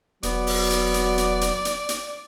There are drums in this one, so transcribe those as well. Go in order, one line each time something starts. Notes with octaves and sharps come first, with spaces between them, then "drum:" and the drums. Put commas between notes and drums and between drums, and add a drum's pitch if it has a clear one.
E1 F#3 B3 D5, drum: hi-hat
drum: open hi-hat
drum: hi-hat
drum: hi-hat
drum: hi-hat
drum: hi-hat
drum: hi-hat
drum: hi-hat